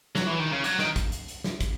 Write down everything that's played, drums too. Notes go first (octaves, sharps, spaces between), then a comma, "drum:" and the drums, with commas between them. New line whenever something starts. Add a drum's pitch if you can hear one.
F#3, drum: snare
E3
D#3
C#3
F#3, drum: hi-hat
D#3, drum: snare
drum: kick, hi-hat
drum: hi-hat
drum: hi-hat
drum: snare
drum: kick, hi-hat